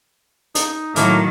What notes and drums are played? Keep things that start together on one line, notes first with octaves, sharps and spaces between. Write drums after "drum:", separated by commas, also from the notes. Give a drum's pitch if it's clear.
D#4, drum: hi-hat
A2 D#3 F#3 A#3, drum: hi-hat